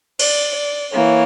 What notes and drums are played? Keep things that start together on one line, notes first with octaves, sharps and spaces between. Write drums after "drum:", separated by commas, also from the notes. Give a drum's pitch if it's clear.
D5, drum: cymbal
D5
E3 A#3 C#5